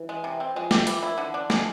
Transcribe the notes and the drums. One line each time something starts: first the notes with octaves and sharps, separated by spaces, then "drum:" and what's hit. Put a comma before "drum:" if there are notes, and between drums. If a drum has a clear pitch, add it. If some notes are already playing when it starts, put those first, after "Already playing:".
Already playing: E3
G#3
C3
C4
F3 G#3
G4, drum: snare
E3, drum: hi-hat
E4
D#3
D3 E3
D4
G#3, drum: snare